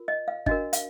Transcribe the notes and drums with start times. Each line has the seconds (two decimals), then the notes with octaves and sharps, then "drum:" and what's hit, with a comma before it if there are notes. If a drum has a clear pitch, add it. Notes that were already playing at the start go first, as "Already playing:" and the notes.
Already playing: F4 A#4
0.08 D#5
0.28 F5
0.46 D4 F#4 A#4 D#5, drum: kick G1
0.73 F5, drum: hi-hat